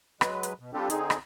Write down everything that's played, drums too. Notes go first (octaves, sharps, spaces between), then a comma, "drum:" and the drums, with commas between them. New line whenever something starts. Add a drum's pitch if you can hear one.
F#3 G#3 B4, drum: rim click
drum: hi-hat
B2
G3 C4 D4 F4 G4 A4
D3 C4 D#4 G#4, drum: hi-hat
drum: rim click